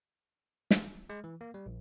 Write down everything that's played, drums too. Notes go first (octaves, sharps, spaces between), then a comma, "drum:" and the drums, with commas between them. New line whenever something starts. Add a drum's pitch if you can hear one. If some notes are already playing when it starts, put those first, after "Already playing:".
drum: snare
G#3
E3
A#3
G3
A#1